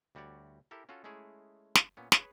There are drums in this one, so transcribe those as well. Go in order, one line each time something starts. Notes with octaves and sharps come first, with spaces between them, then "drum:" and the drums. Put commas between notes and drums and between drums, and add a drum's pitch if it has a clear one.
D2 G3 F#4 C#5 D5
E4 G4 A4 A#4
C#4 F4 F#4 A4
G#3 A3 C#4 E4 G#4
drum: snare
A#2 B3 C#4
G#4 B4 C#5, drum: snare